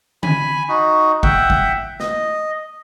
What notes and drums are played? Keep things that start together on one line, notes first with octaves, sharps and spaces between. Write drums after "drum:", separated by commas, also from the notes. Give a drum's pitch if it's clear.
G#5 B5, drum: tom D3
D#4 F#4
E5 F#5 G5, drum: kick
drum: kick
D#5, drum: snare